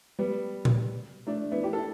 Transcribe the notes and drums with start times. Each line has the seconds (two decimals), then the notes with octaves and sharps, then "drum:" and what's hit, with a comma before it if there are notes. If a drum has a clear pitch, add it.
0.19 G3 B3
0.65 drum: tom A#2
1.27 A3 D4
1.51 B3 E4
1.63 D4 G4
1.73 E4 A4